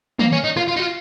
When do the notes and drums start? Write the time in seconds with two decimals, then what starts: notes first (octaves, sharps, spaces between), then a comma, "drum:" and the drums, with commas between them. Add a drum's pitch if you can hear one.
0.19 A#3, drum: tom
0.32 C#4
0.44 D#4
0.57 F4, drum: rim click
0.68 F4
0.77 D#4
0.80 F4